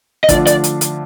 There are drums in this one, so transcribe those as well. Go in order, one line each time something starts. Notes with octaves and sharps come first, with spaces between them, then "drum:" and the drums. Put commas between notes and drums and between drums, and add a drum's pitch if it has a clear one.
D#5
D3 F3 A3 D4 F4 D5, drum: kick, hi-hat
D5, drum: hi-hat
drum: hi-hat
drum: hi-hat